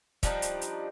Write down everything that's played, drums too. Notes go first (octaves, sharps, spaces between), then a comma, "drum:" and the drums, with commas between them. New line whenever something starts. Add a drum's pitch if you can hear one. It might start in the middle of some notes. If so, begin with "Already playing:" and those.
F3 G3 D4 D#4, drum: kick, hi-hat
drum: hi-hat
drum: hi-hat